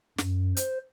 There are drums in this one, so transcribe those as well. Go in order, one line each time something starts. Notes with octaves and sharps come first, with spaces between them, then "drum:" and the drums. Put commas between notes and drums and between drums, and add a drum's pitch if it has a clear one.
F#2, drum: snare
C5, drum: hi-hat